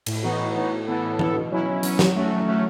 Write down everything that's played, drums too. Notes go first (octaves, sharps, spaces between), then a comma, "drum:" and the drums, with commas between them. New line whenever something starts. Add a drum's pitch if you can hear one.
A2, drum: cymbal
E3 B3 D#4 F#4
A2
E3 B3 D#4 F#4
A2
E3 B3 E4 A4
A2
E3 B3 E4 A4, drum: tom E3
B2
F#3 C#4 E4
B2
F#3 C#4 E4, drum: hi-hat
F#3, drum: snare
A3 C#4 F#4
F#3
A3 C#4 F#4